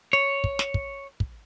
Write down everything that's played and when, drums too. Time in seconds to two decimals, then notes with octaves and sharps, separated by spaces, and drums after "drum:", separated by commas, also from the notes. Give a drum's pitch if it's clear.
0.13 C#5
0.44 drum: kick
0.59 drum: snare
0.74 drum: kick
1.20 drum: kick